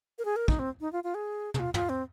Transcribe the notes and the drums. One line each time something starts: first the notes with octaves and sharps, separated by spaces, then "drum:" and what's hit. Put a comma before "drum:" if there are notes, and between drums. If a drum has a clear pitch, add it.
A#4
G#4
A#4
D#4, drum: kick
C4
D#4
F4
F4
G#4
G#4, drum: tom
F4
F4, drum: tom
C4